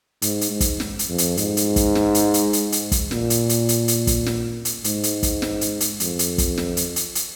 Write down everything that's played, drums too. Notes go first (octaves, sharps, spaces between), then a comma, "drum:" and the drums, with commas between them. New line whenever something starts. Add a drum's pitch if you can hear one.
G#2, drum: hi-hat
drum: hi-hat
G#2
drum: kick, hi-hat
drum: snare
drum: hi-hat
F2
drum: hi-hat
G#2, drum: hi-hat
drum: hi-hat
drum: kick, hi-hat
drum: snare
drum: hi-hat
drum: hi-hat
drum: hi-hat
drum: hi-hat
drum: kick, hi-hat
A#2, drum: snare
drum: hi-hat
drum: hi-hat
drum: hi-hat
drum: hi-hat
drum: kick, hi-hat
drum: snare
drum: hi-hat
G#2, drum: hi-hat
drum: hi-hat
drum: kick, hi-hat
drum: snare
drum: hi-hat
drum: hi-hat
F2, drum: hi-hat
drum: hi-hat
drum: kick, hi-hat
drum: snare
drum: hi-hat
drum: hi-hat
drum: hi-hat